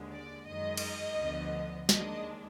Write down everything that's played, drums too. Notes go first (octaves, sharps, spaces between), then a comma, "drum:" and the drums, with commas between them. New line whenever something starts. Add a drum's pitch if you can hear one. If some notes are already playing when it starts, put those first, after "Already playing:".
Already playing: D#2 D3 G#3
D5
F#2 D#3 G#3 D#5
drum: cymbal
D2 D3 F3 B3
D#2 D#3 G#3 D4 D#5, drum: snare